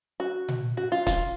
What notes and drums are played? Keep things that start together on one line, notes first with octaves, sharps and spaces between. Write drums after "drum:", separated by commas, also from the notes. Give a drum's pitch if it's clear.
F#4
drum: tom A#2
F#4
F4
F4, drum: kick C#1, hi-hat